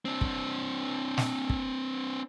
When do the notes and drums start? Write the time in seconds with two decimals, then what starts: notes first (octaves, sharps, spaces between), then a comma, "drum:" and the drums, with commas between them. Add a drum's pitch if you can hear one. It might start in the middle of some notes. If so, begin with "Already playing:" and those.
0.05 C4 D4
0.21 drum: kick
1.18 drum: snare
1.50 drum: kick